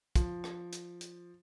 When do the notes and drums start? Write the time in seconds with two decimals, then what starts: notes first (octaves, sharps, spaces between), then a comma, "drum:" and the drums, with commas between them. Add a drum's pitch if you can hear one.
0.16 F3, drum: kick, hi-hat
0.44 drum: rim click
0.72 drum: hi-hat
1.01 drum: hi-hat